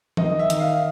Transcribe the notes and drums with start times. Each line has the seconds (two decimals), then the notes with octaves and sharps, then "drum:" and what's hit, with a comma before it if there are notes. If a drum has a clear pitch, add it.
0.17 D#3 D#5, drum: tom E3
0.39 E5
0.50 D#3, drum: hi-hat
0.60 F5